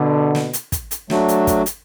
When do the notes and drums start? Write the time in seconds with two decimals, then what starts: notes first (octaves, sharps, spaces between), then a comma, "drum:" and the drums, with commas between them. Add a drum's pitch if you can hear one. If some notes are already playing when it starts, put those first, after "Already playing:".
Already playing: B2 D3
0.35 drum: snare
0.53 drum: hi-hat
0.72 drum: kick, hi-hat
0.91 drum: hi-hat
1.10 F#3 A3 D4 F#4, drum: snare
1.28 drum: hi-hat
1.47 drum: kick, hi-hat
1.66 drum: hi-hat